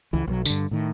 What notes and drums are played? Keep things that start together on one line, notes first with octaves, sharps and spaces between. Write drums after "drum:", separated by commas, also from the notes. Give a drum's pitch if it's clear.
C#2 E3
B1 F#3
G2 D3, drum: tambourine
A2 D#3